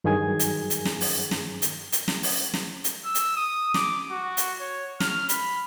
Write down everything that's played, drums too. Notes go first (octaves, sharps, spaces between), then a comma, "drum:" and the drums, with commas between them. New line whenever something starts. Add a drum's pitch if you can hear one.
G2 D#3 F#3 G#4 G#5 G#6
drum: hi-hat
drum: hi-hat
drum: snare
drum: open hi-hat
drum: snare
drum: hi-hat
drum: hi-hat
drum: snare
drum: open hi-hat
drum: snare
drum: hi-hat
E6
drum: hi-hat
D#6
D6, drum: snare
F#4
drum: hi-hat
C#5
F6, drum: snare
B5, drum: hi-hat